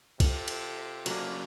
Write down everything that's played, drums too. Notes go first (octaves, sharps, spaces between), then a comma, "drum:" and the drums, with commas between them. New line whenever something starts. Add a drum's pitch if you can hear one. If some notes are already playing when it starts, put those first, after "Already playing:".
C3 F4 A4, drum: kick, cymbal
drum: cymbal
C#3 F#3 A#3 D4, drum: cymbal